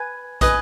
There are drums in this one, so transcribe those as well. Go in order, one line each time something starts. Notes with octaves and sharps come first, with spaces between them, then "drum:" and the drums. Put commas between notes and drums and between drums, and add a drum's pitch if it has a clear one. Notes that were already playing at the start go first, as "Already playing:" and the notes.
Already playing: B4 G#5
B4 D#5 G#5, drum: kick, hi-hat